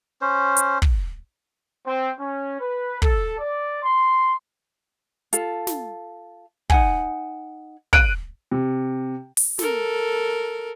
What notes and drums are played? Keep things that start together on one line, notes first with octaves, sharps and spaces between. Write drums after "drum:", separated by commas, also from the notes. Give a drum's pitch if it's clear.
C#4 C5
drum: hi-hat
drum: kick
C4
C#4
B4
A4, drum: kick
D5
C6
F4 A4, drum: hi-hat
drum: snare
D#4 F#5 G#5, drum: kick
F#6 D7 D#7, drum: kick
C3
drum: open hi-hat
A4 A#4, drum: snare